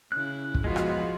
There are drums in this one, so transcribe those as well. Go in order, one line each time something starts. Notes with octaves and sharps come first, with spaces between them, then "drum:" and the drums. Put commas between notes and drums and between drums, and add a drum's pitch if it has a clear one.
C#3 E4 F#6
drum: kick
F3 G#3 B3 F4 F#4
drum: rim click